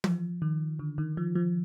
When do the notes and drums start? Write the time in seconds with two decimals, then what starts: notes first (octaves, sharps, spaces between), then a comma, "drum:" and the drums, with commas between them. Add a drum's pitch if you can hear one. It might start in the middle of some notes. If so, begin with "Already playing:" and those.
0.04 F3, drum: tom
0.42 D#3
0.79 D3
0.98 D#3
1.17 F3
1.35 F3